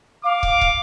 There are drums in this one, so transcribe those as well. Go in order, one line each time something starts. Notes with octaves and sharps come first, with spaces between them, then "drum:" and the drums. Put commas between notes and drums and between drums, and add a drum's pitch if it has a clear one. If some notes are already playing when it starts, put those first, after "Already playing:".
F5 D6
drum: kick
drum: kick